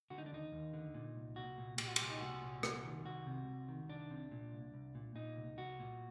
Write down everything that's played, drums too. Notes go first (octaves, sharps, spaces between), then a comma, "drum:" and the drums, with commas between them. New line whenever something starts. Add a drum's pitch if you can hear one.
D3 F#4
D#4
D4
D#2 D#4
D#2
D3
A#2
C2
C2 F#4
A#2
A#2 G4, drum: cymbal
F#4
C2 G4, drum: cymbal
D#4
C2 F#4
A#2
C2, drum: rim click
D#3
C2 F#4
C3
C2
D#3
C2 D4
C3
A#2
C2
C2
A#2
A#2 D#4
C2
C2 F#4
A#2